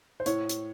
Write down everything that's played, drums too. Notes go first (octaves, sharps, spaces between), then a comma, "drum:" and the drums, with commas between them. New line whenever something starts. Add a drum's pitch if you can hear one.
C5
A2 C#5, drum: hi-hat
drum: hi-hat